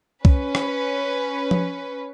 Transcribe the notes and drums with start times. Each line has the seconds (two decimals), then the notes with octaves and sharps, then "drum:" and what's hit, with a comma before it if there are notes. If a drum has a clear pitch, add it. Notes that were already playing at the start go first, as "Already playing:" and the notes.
0.25 C#4 B4, drum: kick C2
0.55 drum: rim click
1.51 drum: tom F3